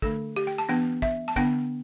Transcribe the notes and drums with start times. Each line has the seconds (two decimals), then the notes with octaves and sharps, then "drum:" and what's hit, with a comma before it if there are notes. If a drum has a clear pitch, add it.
0.02 D3 A3 D4 A4, drum: kick
0.36 G4
0.47 G5
0.58 A5
0.69 E3 B3 D4 G5
1.02 E5, drum: kick
1.28 A5
1.36 D3 B3 D4 G5, drum: kick